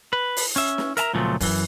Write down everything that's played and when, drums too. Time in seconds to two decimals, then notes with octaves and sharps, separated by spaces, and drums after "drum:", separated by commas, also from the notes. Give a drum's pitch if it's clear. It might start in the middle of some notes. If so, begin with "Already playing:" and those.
0.13 B4
0.37 drum: open hi-hat
0.56 C#4 E5, drum: hi-hat
0.78 drum: snare
0.97 A#4 E5 A5 A#5, drum: hi-hat
1.13 C#2 A#2 F3 F#3 A3
1.40 F#2 E3, drum: kick, open hi-hat